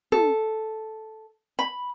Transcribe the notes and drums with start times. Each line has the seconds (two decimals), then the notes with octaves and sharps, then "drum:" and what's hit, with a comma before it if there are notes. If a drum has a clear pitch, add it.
0.12 A4, drum: tom
1.59 B5